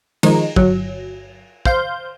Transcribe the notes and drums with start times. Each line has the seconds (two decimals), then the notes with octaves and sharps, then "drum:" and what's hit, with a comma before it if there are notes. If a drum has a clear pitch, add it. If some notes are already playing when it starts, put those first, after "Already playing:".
0.23 D#3 F3 G#3 D#4, drum: cymbal
0.56 G1 F#3, drum: kick
1.65 C5 F5 G6, drum: kick